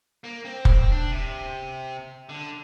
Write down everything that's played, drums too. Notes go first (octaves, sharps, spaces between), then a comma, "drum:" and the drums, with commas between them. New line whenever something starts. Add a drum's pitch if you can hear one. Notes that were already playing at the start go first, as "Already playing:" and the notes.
A#3
C4
drum: kick
D4
C3
D3